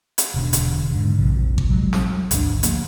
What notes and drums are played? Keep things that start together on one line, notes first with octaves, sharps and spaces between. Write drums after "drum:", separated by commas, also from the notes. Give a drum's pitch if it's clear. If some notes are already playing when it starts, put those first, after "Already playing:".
drum: hi-hat
E1 B2 D3
drum: hi-hat
G#2 D3
F1 A#1 C3 F3
drum: kick G#1
F#3 G#3
drum: snare
G#1 D2 D3 D4, drum: hi-hat
F3 A#3 B3, drum: hi-hat